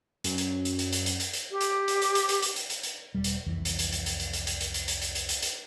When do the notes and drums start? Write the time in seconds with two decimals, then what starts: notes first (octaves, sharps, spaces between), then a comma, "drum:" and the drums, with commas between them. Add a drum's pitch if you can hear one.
0.24 F#2, drum: hi-hat
0.38 drum: hi-hat
0.65 drum: hi-hat
0.79 drum: hi-hat
0.92 drum: hi-hat
1.06 drum: hi-hat
1.20 drum: hi-hat
1.33 drum: hi-hat
1.51 G4
1.61 drum: hi-hat
1.88 drum: hi-hat
2.02 drum: hi-hat
2.15 drum: hi-hat
2.29 drum: hi-hat
2.42 drum: hi-hat
2.56 drum: hi-hat
2.70 drum: hi-hat
2.83 drum: hi-hat
3.15 E1 G3
3.24 drum: hi-hat
3.46 C2 F2 E3
3.65 drum: hi-hat
3.79 drum: hi-hat
3.92 drum: hi-hat
4.06 drum: hi-hat
4.20 drum: hi-hat
4.33 drum: hi-hat
4.47 drum: hi-hat
4.61 drum: hi-hat
4.74 drum: hi-hat
4.88 drum: hi-hat
5.01 drum: hi-hat
5.15 drum: hi-hat
5.29 drum: hi-hat
5.42 drum: hi-hat